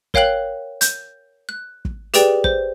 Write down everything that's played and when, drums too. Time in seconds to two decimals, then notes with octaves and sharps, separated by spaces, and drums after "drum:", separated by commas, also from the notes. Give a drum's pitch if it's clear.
0.14 A#4 C#5 F5 G5 F#6 F#7, drum: kick
0.81 G6, drum: hi-hat
1.49 F#6
1.85 drum: kick
2.14 G4 G#4 B4 D5 G5, drum: hi-hat
2.44 C5, drum: kick